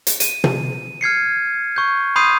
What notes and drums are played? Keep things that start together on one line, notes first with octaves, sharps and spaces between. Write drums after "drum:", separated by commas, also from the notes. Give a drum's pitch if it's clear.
drum: hi-hat
D#7, drum: hi-hat
drum: tom
F6 G#6 C7 C#7
C#6 G6
B5 C6 D#6 G6 C7 D#7